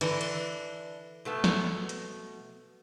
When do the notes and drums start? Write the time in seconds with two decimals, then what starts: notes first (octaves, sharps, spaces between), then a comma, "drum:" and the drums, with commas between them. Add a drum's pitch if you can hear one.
0.01 D3 E3 D4, drum: cymbal
0.21 drum: cymbal
1.25 B2 A3 B3
1.44 drum: snare
1.89 drum: hi-hat